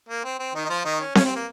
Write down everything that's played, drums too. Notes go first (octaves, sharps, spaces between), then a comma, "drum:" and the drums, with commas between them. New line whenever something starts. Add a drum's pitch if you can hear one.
A#3
C4
C4
D#3 D#4
D#4
F3 F4
D#3 D#4
C#4
C#4, drum: snare C4
C4
A#3